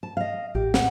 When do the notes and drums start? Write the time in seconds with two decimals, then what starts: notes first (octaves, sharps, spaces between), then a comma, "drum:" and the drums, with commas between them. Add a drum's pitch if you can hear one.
0.03 A5
0.17 D#5 F5
0.55 A1 G4
0.74 F#5, drum: snare